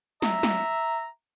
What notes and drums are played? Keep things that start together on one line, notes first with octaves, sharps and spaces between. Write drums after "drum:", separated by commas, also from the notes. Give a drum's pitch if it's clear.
E5 A#5, drum: snare
drum: snare